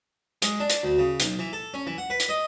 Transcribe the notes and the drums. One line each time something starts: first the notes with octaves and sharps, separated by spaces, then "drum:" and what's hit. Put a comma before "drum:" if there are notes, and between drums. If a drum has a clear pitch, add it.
G#3, drum: hi-hat
D4
drum: hi-hat
D2
C#3
B1, drum: hi-hat
E3
A4
C#4
E3
F#5
B4
drum: hi-hat
D#5